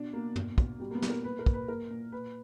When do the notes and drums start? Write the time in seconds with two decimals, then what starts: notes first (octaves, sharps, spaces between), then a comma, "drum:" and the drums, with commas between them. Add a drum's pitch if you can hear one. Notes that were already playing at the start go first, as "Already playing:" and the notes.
Already playing: B2 D4
0.13 B2 A#3
0.36 B2, drum: tom
0.58 B2, drum: kick
0.80 B2 G3
0.91 A#3
0.95 B3
1.02 B2, drum: snare
1.10 A#4
1.24 A#2 B4
1.39 A#4
1.46 A#2, drum: kick
1.54 B4
1.68 A#2 A#4
1.90 A#2
2.12 A#2 B4